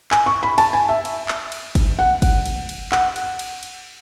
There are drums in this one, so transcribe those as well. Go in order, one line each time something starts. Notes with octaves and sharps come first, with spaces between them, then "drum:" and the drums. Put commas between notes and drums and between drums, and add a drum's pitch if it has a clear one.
G#5, drum: clap
C#6
B5
A5, drum: cymbal
G#5
E5
drum: cymbal
drum: clap
drum: cymbal
drum: kick, cymbal
F#5
drum: kick, cymbal
drum: cymbal
drum: cymbal
F#5, drum: clap
drum: cymbal
drum: cymbal
drum: cymbal